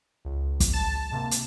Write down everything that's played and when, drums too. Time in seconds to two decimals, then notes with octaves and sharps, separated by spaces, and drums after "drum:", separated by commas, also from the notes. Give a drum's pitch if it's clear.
0.25 C#2
0.60 drum: kick, hi-hat
0.74 A5
1.11 G#2 C3 A#3
1.31 drum: hi-hat